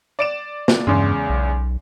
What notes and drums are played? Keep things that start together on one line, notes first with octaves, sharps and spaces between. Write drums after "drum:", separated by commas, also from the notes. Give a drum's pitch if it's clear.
D5 D7 E7
drum: snare
E2 G2 C#3 G#3
B1